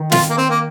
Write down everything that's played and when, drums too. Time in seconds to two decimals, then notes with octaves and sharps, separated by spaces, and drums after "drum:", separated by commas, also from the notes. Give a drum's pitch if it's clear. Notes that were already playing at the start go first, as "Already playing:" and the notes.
Already playing: D#3
0.12 F4, drum: snare
0.30 A#3
0.37 C4
0.50 A#3